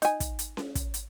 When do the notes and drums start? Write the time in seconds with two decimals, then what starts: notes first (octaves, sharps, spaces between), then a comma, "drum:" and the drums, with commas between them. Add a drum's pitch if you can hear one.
0.02 D#4 G#5, drum: hi-hat
0.20 drum: kick, hi-hat
0.39 drum: hi-hat
0.57 drum: snare C#4
0.75 drum: kick, hi-hat
0.94 drum: hi-hat